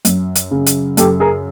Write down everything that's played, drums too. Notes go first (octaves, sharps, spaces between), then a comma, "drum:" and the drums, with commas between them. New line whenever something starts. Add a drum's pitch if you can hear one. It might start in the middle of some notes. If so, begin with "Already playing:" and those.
F#2, drum: hi-hat
drum: hi-hat
C#3
drum: hi-hat
F#2 G4 A4, drum: hi-hat
G#4 A#4